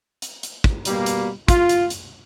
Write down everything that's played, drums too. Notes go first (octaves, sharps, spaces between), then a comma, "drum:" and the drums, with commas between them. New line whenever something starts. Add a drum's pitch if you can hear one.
drum: hi-hat
drum: hi-hat
drum: kick
B2 G3 A#3, drum: hi-hat
drum: hi-hat
F4, drum: kick, hi-hat
drum: hi-hat
drum: hi-hat